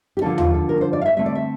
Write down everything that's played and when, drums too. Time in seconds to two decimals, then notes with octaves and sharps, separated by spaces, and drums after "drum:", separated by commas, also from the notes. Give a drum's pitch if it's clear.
0.17 G4
0.21 D3 F3 A#3 D4 A4
0.38 F4, drum: tom D#2
0.54 A4
0.69 A#4
0.81 C5
0.93 D5
1.01 F5
1.06 E5
1.17 D3 A3 C4 E5
1.26 D5
1.35 E5